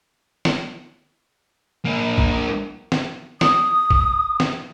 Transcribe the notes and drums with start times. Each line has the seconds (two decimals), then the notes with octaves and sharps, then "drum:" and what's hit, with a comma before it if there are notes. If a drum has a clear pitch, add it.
0.45 drum: snare
1.85 A#3 D4
2.18 drum: kick A#1
2.92 drum: snare
3.41 D#6, drum: snare
3.91 drum: kick A#1
4.40 drum: snare